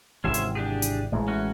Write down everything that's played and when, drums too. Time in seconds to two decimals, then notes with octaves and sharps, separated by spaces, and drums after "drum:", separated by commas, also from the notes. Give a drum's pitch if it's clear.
0.24 G#1 C3 E3 C#4 C5 E5
0.34 drum: hi-hat
0.55 D4 G4 G#4
0.82 drum: hi-hat
1.12 A1 E3 G#3
1.28 C#4 F#4